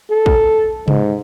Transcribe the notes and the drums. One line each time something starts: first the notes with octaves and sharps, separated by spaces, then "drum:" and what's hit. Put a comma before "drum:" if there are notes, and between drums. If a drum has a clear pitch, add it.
A4
drum: kick
G#2, drum: tom C3